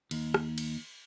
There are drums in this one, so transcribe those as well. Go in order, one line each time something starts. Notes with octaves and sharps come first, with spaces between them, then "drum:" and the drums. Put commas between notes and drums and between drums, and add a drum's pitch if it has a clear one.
D#2, drum: cymbal
drum: rim click
drum: cymbal